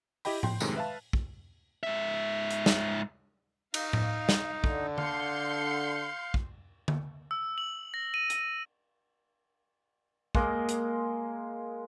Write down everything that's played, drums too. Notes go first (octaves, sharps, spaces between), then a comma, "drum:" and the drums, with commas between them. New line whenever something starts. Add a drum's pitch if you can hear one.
E4 G4 D#5 G5 B5, drum: open hi-hat
G5 C6, drum: tom A2
F#2 A2 C3 D#3 G#3, drum: tambourine
B4 E5 F5 A5
drum: kick
G#2 E5
drum: hi-hat
drum: snare
D#4 F5, drum: cymbal
drum: tom A2
drum: snare
D3, drum: kick
F5 C6 G6 C#7, drum: tom D3
drum: kick
drum: tom D3
E6
F#7
A#6
D#7
drum: hi-hat
G#3 A#3 D#5, drum: kick
drum: hi-hat